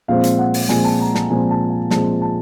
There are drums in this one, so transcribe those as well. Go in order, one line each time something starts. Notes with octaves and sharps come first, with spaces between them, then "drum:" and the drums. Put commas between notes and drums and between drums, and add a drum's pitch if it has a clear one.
A#2 F3 G#3 C4 F5
drum: hi-hat
F#5
drum: open hi-hat
A#2 F3 G#3 C4 G#5, drum: snare
A5
A#5
A5, drum: snare
A#2 F3 G#3 C4 G#5
A5
G#5
A#2 F3 G#3 C4 A5, drum: snare
A5